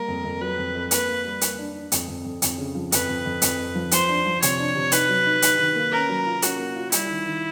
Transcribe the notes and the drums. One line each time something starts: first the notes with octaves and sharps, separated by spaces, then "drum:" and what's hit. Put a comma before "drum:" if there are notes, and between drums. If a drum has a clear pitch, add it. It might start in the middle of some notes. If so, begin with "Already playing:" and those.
Already playing: G3 A#3 A#4
F2
F2
F#3 B4
F2
F2
A#3 B4, drum: hi-hat
A#3
G3
A#3, drum: hi-hat
D4
D4
F2, drum: hi-hat
F2
F2
F2, drum: hi-hat
C#3
F3
F2 B4, drum: hi-hat
F2
F2
F2, drum: hi-hat
F2
F3
F3 C5, drum: hi-hat
D4
F3
C3 C#5, drum: hi-hat
D4
C3
D#4 B4, drum: hi-hat
F#3
D#4
D#4, drum: hi-hat
D#3
A#3
C#4 A#4
F#3
F4
C#4 F#4, drum: hi-hat
A#3
F4
G3 E4, drum: hi-hat
D#3
D#3